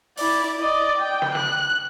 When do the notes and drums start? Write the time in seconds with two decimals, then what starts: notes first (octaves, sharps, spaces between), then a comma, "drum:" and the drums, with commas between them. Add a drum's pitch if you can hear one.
0.17 E4 D5, drum: open hi-hat
0.59 D5 D#5
0.98 G5
1.22 drum: snare
1.35 F#6, drum: snare